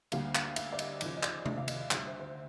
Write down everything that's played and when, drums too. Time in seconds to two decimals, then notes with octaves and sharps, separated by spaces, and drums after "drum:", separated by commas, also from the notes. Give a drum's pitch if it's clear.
0.12 D2 D3 G3 A#3 F5, drum: cymbal
0.35 F5, drum: clap
0.56 E5, drum: cymbal
0.73 D5
0.79 D#5, drum: cymbal
1.01 D#2 C#3 F3 D5, drum: cymbal
1.17 D#5
1.23 D5, drum: clap
1.46 E5, drum: tom C3
1.58 F5
1.68 D#5, drum: cymbal
1.79 D#5
1.91 D2 D3 G3 E5, drum: clap
2.06 C5
2.20 C5